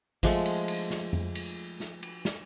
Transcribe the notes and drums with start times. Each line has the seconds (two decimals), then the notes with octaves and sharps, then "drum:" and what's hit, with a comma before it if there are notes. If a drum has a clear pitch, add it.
0.23 F3 G#3 A3, drum: kick A1, cymbal
0.45 drum: cymbal
0.68 drum: cymbal
0.90 drum: snare
1.13 drum: tom F2
1.35 drum: cymbal
1.80 drum: snare
2.03 drum: cymbal
2.25 drum: snare